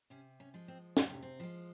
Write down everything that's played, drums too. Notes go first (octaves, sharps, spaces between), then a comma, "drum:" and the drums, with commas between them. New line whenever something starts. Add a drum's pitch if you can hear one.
C3 C#4
C#4
F3 G#3
C4
C3 C4, drum: snare
C#4
C4
F3 G#3